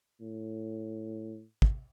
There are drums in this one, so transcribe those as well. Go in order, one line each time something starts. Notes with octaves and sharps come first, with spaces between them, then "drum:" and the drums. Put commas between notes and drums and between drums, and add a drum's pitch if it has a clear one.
A2
drum: kick